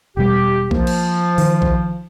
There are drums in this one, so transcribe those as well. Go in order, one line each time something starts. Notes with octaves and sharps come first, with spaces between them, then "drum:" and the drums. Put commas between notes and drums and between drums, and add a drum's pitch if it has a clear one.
E1 B2 G3 G4
F3 A#3, drum: kick A#1
drum: cymbal
D#3, drum: open hi-hat
drum: kick A#1